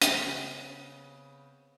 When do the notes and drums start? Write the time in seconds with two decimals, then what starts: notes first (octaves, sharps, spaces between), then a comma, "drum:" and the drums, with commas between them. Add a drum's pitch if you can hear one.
0.02 C#3 B3 C4, drum: hi-hat